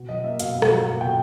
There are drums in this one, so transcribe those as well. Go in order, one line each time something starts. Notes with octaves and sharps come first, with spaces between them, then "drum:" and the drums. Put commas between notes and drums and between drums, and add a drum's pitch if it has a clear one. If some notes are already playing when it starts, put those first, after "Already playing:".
Already playing: B2
F#3 D#5
A#3 E5
B2 F5, drum: hi-hat
B2
F#5, drum: rim click
F#3
A#3 F#5
B2 G5